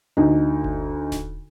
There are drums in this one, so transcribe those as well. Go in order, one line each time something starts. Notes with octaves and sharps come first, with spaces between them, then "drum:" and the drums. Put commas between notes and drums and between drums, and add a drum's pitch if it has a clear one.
D2 D#4
drum: kick F#1
drum: snare D#1